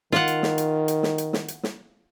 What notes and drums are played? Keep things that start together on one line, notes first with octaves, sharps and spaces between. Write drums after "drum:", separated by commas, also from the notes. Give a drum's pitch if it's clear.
D#3 F4 F#5, drum: snare
drum: hi-hat
drum: snare
drum: hi-hat
drum: hi-hat
drum: snare
drum: hi-hat
drum: snare
drum: hi-hat
drum: snare